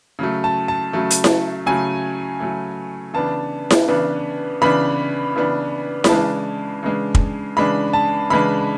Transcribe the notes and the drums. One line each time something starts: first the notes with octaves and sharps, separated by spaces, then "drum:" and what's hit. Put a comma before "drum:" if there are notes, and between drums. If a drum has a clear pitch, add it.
C#3 F#3 A3
A5
A5
C#3 F#3 A3
drum: hi-hat
drum: snare E4
C#3 F#3 A3 G#5
C#3 F#3 A3
C#3 E3 B3 D4 A5
drum: snare E4
C#3 E3 B3 D4
C#3 E3 B3 D4 B5
C#3 E3 B3 D4
B5, drum: snare E4
C#3 E3 G#3 D4 A5
C#3 E3 G#3 D4
drum: kick
C#3 E3 G#3 D4 B5
A5
C#3 E3 G#3 D4 B5